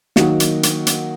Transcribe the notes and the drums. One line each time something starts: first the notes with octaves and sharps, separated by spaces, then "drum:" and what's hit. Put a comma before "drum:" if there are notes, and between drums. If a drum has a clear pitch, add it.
D#3 F#3 A#3 D#4 F#4, drum: snare
drum: hi-hat
drum: hi-hat
drum: hi-hat